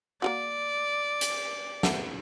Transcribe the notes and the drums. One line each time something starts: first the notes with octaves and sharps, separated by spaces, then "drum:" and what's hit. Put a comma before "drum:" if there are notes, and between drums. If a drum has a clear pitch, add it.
A#3 F4 F#4 D5
drum: hi-hat
A3 B3, drum: snare